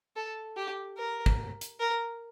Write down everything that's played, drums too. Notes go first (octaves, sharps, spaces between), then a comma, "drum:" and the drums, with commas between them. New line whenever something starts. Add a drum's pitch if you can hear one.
A4
G4
A#4
drum: kick
drum: hi-hat
A#4